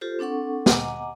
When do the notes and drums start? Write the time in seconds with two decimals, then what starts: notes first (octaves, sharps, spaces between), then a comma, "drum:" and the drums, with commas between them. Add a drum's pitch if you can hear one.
0.01 F4 G4 A4 C5
0.19 C4 D4 A4 F#5 C#6
0.66 D#5 F#5 G#5 A#5 D6, drum: snare